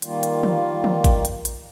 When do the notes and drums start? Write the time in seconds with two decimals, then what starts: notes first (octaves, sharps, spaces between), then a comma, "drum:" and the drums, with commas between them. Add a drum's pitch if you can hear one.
0.02 D#3 G3 A#3 F4, drum: hi-hat
0.23 drum: hi-hat
0.43 drum: tom
0.84 drum: tom
1.04 drum: kick A1, hi-hat
1.25 drum: hi-hat
1.45 drum: hi-hat